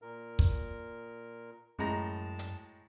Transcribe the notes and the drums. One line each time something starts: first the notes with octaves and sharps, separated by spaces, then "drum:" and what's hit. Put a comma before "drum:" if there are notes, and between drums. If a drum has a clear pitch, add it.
A#2 A#4
drum: kick
F#2 A2 G#3 A5 A#5
drum: hi-hat